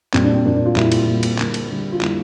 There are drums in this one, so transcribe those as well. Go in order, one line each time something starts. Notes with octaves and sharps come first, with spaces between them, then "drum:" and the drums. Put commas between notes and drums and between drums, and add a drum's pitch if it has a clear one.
A#2 G3 A#3 C4, drum: clap
D4
C4
A#2 G3 A#3 D4
D4
F4
A#2 G3 A#3 E4, drum: clap
drum: cymbal
A#2 G3 A#3
drum: cymbal
D3 G3 A#3, drum: clap
drum: cymbal
D3 G3 A#3
F4
D3 G3 A#3 E4, drum: clap